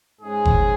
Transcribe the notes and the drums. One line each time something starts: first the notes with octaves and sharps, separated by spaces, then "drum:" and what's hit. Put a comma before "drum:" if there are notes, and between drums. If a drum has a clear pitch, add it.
G#2 G#3 C#4 G#4
drum: kick F#1